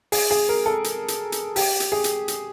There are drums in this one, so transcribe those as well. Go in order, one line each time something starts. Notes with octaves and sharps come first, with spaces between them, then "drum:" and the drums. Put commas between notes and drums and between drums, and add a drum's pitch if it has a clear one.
G#4, drum: open hi-hat
G#4
A#4
A4
drum: hi-hat
drum: hi-hat
drum: hi-hat
G4, drum: open hi-hat
drum: hi-hat
G#4
drum: hi-hat
drum: hi-hat